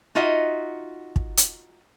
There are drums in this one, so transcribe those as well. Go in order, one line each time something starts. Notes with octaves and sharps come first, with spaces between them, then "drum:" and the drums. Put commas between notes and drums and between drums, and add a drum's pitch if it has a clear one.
D#4 F4 F#4 D#5 E5 F#5
drum: kick
drum: hi-hat